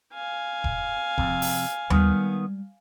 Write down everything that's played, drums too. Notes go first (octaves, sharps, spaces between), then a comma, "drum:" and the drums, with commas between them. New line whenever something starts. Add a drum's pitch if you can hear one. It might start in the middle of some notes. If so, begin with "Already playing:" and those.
F5 G#5
drum: kick E1
F2 C3, drum: kick E1
drum: open hi-hat
D#3 G3 G#3 B3, drum: tom D#2